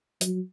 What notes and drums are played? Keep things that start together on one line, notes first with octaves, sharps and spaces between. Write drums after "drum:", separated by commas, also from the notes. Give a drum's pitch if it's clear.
F#3, drum: hi-hat